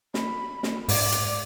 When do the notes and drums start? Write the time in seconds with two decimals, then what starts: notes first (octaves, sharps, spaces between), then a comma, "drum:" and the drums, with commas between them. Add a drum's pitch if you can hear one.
0.14 B5, drum: snare
0.63 drum: snare
0.89 G#2 D5, drum: open hi-hat
1.12 drum: hi-hat